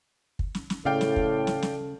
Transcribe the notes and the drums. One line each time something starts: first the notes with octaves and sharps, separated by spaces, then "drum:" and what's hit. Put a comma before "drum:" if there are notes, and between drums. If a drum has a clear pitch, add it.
drum: kick
drum: snare
drum: snare
A2 C#3 A4 D5 F5 G5
drum: snare
drum: kick
drum: snare
drum: snare